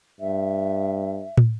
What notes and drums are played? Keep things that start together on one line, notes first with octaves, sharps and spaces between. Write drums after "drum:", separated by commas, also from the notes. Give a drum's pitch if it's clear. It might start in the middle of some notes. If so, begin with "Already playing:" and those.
G2 E5
drum: tom